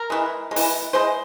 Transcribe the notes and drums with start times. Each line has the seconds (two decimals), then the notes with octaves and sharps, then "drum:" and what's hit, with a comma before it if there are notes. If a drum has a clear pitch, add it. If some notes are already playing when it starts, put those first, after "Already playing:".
Already playing: A#4
0.10 E3 G#3
0.51 G#3
0.56 E3, drum: open hi-hat
0.93 E3 G#3 C5